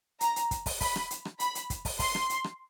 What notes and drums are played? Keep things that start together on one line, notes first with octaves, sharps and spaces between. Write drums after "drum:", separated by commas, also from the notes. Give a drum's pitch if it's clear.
A#5, drum: hi-hat
drum: hi-hat
drum: kick, hi-hat
drum: kick, open hi-hat
B5, drum: kick, open hi-hat
drum: rim click
drum: hi-hat
drum: rim click
B5, drum: hi-hat
drum: hi-hat
drum: kick, hi-hat
drum: kick, open hi-hat
C6, drum: kick, open hi-hat
drum: rim click
drum: hi-hat
drum: rim click